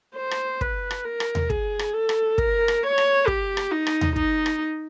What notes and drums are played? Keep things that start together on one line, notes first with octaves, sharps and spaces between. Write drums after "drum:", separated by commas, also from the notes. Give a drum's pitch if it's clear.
C5
drum: rim click
B4, drum: kick
drum: rim click
A#4
drum: rim click
drum: tom D#2
G#4, drum: kick
drum: rim click
A4
drum: rim click
A#4, drum: kick
drum: rim click
C#5
drum: rim click
G4, drum: kick
drum: rim click
D#4
drum: rim click
drum: tom D#2
D#4, drum: kick
drum: rim click